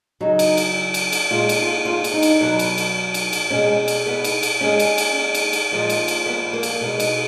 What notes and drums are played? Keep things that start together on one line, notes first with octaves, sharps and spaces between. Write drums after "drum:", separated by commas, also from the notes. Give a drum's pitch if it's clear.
C#3 F#3 D#4
drum: cymbal
drum: cymbal
drum: cymbal
drum: cymbal
A#2 G#3 F4
drum: cymbal
F4
F4
drum: cymbal
D#4
drum: cymbal
B2 F#3
drum: cymbal
drum: cymbal
drum: cymbal
drum: cymbal
B2 G#3 C#4
drum: cymbal
B3
drum: cymbal
drum: cymbal
A#2 G#3 C#4
drum: cymbal
drum: cymbal
drum: cymbal
drum: cymbal
A#2 F3 G#3
drum: cymbal
drum: cymbal
B3
A#3
drum: cymbal
B2 G#3
drum: cymbal